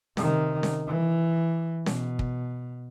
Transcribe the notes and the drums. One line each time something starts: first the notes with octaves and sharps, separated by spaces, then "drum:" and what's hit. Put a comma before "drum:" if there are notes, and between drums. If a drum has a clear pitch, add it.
C3 D#3, drum: snare C#4
drum: snare C#4
E3
B2, drum: snare C#4
drum: kick